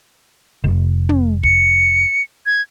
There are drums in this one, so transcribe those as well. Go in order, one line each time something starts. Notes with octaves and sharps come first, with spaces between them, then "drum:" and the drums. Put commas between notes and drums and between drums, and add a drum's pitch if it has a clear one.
F1
drum: tom
C#7, drum: kick
G#6